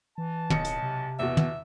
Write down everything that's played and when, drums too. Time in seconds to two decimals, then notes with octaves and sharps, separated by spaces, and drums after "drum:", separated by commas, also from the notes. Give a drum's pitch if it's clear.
0.18 E3 A5
0.50 D1 B1 D#5 C#7, drum: tom
0.65 drum: hi-hat
0.83 C3
1.19 E2 B2 E5
1.37 drum: tom